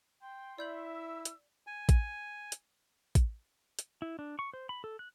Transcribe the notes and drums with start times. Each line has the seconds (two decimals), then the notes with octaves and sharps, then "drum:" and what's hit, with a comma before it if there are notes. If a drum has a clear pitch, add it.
0.22 G5 C6
0.58 E4 D5 E5 G6 F#7
0.94 E6
1.25 drum: hi-hat
1.67 G#5
1.89 drum: kick A1, hi-hat
2.52 drum: hi-hat
3.15 drum: kick A1, hi-hat
3.79 drum: hi-hat
4.02 E4
4.19 D4
4.39 C#6
4.54 C5
4.69 B5
4.84 A4
4.99 F#6